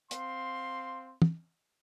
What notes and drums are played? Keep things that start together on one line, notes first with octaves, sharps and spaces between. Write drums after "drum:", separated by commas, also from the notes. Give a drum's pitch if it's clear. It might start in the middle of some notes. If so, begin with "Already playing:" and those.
C4 F5 C6, drum: hi-hat
drum: tom